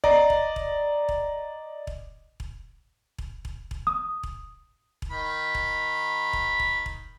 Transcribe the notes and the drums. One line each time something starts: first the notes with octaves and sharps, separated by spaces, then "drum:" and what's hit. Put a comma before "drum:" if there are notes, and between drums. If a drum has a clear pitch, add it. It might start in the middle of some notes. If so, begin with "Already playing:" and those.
D5 D#5 A#5, drum: kick E1
drum: kick E1
drum: kick E1
drum: kick E1
drum: kick E1
drum: kick E1
drum: kick E1
drum: kick E1
drum: kick E1
D#6
drum: kick E1
drum: kick E1
D#3 B5
drum: kick E1
drum: kick E1
drum: kick E1
drum: kick E1